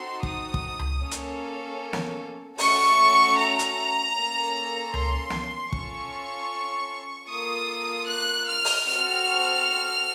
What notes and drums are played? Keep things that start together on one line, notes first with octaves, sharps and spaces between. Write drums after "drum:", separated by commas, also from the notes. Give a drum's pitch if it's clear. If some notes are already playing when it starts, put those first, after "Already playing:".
Already playing: C4 D#4 F#4 A4 C6
D#6, drum: kick
drum: kick
drum: tom C#2
A#3 C#4 A4
drum: hi-hat
drum: snare
A3 C#4 F#4 A4 C#6, drum: open hi-hat
A#5
drum: hi-hat
A#3 C#4 A4
C6, drum: tom C#2
drum: snare
C#4 F4 A4 C#6, drum: kick
A#3 F4 A4 D#6
F#6
F6
drum: open hi-hat
C4 F#4 A4 F6